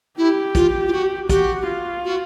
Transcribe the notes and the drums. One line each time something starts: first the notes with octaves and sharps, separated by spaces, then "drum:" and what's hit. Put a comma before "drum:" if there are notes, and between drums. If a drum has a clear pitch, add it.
E4 G4
F4, drum: kick, hi-hat
F4
F#4
F#4 G4, drum: kick, hi-hat
F4
F#4